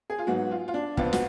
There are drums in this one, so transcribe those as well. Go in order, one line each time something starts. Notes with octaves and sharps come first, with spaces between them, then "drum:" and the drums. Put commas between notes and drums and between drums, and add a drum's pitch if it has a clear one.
G#4
F4
G#2 F#3 B3 F#4
F4
F4
D4
F2 F3 B3 F4, drum: kick
F#4, drum: snare